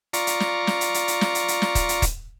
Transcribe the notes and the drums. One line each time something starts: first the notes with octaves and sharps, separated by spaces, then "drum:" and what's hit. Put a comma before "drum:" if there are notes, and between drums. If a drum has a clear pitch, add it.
F4 D5 A#5 C#6, drum: hi-hat
drum: hi-hat
drum: snare
drum: snare
drum: hi-hat
drum: hi-hat
drum: hi-hat
drum: snare
drum: hi-hat
drum: hi-hat
drum: snare
drum: kick, hi-hat
drum: hi-hat
drum: kick, hi-hat